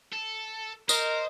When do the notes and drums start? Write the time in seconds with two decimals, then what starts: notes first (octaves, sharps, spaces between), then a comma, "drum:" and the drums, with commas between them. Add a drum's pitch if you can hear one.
0.12 A4
0.89 A#4 C5 D#5, drum: tambourine